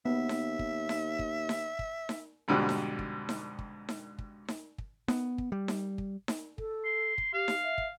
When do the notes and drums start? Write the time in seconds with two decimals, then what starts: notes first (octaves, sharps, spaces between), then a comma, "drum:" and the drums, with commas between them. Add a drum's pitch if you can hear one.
0.05 D#2 B3 E5
0.29 drum: snare D#4
0.59 drum: kick
0.89 drum: snare D#4
1.19 drum: kick
1.49 drum: snare D#4
1.79 drum: kick
2.09 drum: snare D#4
2.48 F2 G#2 B2 D3 G3 F#6
2.69 drum: snare D#4
2.99 drum: kick
3.29 drum: snare D#4
3.59 drum: kick
3.89 drum: snare D#4
4.18 drum: kick
4.48 drum: snare D#4
4.78 drum: kick
5.08 B3, drum: snare D#4
5.38 drum: kick
5.52 G3
5.68 drum: snare D#4
5.98 drum: kick
6.28 drum: snare D#4
6.58 A4, drum: kick
6.85 C6
7.18 drum: kick
7.33 G4 F5
7.48 drum: snare D#4
7.63 E5
7.78 drum: kick